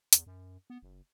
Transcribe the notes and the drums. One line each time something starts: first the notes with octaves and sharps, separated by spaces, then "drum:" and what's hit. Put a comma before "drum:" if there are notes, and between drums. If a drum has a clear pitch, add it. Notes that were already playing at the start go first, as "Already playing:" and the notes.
E2, drum: hi-hat
F#2
B3
F#1